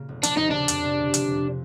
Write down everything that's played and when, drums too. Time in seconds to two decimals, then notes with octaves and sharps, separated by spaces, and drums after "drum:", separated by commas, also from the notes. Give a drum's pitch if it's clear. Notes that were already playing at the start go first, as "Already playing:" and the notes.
Already playing: A#2 C#3 A#3
0.09 F1
0.23 F3 D4, drum: hi-hat
0.37 D#2 D#4
0.51 C#3 D4
0.68 F2, drum: hi-hat
0.83 C3
0.99 G1
1.14 F3, drum: hi-hat
1.29 F2
1.44 C3